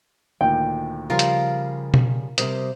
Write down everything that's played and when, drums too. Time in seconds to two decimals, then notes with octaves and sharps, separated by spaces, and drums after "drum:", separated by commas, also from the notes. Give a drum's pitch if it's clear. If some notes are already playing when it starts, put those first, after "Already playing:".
0.41 D2 A#2 D#3 G5
1.10 C#3 F3 G3 F4 A#4 F5
1.19 drum: hi-hat
1.94 drum: tom B2
2.38 C3 G3 A#4 C5 D#6, drum: hi-hat